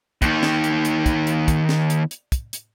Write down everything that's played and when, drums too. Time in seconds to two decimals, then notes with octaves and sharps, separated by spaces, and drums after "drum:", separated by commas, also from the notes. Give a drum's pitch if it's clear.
0.22 D#2 D#3, drum: kick, hi-hat
0.43 drum: snare
0.64 drum: hi-hat
0.85 drum: hi-hat
1.06 drum: kick, hi-hat
1.27 drum: hi-hat
1.48 drum: kick, hi-hat
1.69 drum: snare
1.90 drum: hi-hat
2.11 drum: hi-hat
2.32 drum: kick, hi-hat
2.53 drum: hi-hat